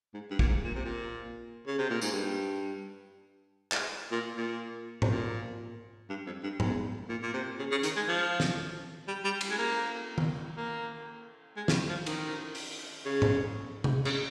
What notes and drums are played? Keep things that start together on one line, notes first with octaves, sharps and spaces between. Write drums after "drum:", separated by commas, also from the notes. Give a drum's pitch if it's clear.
G#2
G2
A#2, drum: kick
G#2
A#2
C3
A#2
C#3
C3
A#2
G#2, drum: tambourine
G2
drum: clap
A#2
A#2
C3, drum: tom G#2
A#2
G2
F2
G2
G#2, drum: tom G#2
A#2
A#2
C3
C#3
C#3
D#3, drum: hi-hat
G#3
F3
drum: snare
G3
G3
drum: cymbal
G#3
A#3
drum: tom D#3
A#3
G#3
F3, drum: snare
G3
F3
D#3, drum: cymbal
drum: open hi-hat
C#3
drum: tom G#2
drum: tom C3
C#3, drum: cymbal